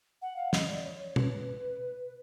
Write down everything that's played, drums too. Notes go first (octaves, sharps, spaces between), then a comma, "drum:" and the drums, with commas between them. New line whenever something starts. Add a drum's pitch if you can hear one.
F#5
F5
D#5, drum: snare
D5
C#5
B4, drum: tom